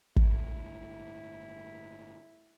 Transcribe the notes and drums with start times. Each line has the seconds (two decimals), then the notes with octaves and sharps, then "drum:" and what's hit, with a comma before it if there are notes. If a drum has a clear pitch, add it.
0.16 G1 A2 E4, drum: kick